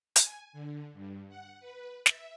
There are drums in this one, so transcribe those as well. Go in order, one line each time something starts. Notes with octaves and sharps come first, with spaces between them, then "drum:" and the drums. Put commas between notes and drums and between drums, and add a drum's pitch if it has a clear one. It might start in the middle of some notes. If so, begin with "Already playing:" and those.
G#5, drum: hi-hat
D3
G2
F#5
B4
E5, drum: snare